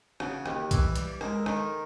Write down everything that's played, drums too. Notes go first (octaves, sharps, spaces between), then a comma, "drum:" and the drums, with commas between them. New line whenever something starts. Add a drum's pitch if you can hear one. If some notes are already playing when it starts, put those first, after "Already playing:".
C#3 F#4, drum: rim click
D#2 G4, drum: rim click
E3, drum: kick B1, hi-hat
G3, drum: hi-hat
G#3 A#4, drum: rim click
A4
D#3 A#4, drum: rim click